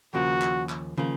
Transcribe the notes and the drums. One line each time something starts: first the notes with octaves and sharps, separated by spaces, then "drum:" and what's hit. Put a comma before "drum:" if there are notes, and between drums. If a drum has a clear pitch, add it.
D#2 C#3 F3 A#3 F#4
drum: clap
drum: clap
C#3 F3 A#3, drum: tom